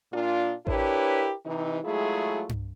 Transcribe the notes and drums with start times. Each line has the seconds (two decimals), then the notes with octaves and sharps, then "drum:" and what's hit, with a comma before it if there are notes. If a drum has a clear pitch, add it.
0.13 A#2 D4 F4
0.67 D4 E4 G4 A#4 B4 C#5, drum: kick A1
1.45 C3 E3 D#4
1.84 F#3 G#3 A3 E4 F4 G#4
2.49 drum: tom G2